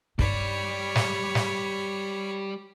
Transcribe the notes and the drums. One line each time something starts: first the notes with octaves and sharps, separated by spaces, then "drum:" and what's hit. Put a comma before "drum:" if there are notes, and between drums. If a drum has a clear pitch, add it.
G2 G3 D#4 C#5 D5 B5, drum: kick
drum: snare
drum: snare